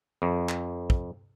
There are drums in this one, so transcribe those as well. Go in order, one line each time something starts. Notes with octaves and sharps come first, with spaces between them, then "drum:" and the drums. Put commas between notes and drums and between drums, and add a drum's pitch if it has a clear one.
F2
drum: clap
drum: kick